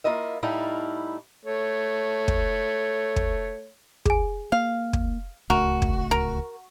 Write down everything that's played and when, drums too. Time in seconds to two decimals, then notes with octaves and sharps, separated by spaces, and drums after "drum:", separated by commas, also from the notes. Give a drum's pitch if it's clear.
0.04 A#3 E4 F4 D#5 E5
0.43 A2 G3 D#4 E4 F5 A5
1.45 A3 C#5
2.28 drum: kick
3.16 drum: kick
4.05 G#4 G#5, drum: kick
4.52 A#3 F5
4.93 drum: kick
5.50 D1 C#2 A3 F#4 A#4
5.82 drum: kick
6.11 A#4